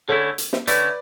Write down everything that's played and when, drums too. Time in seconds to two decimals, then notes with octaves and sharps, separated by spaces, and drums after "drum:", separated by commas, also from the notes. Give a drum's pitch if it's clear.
0.08 D3 A3 C#4 E4 A4 C#5
0.38 drum: hi-hat
0.53 drum: snare
0.67 D3 A3 C#4 E4 B4 D5, drum: hi-hat